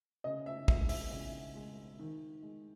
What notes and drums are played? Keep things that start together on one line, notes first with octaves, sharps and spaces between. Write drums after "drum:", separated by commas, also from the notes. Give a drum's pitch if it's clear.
C#3 D#5
E5
G#3 E5, drum: kick
E5, drum: open hi-hat
C#3 E5
G#3
D#3
G#3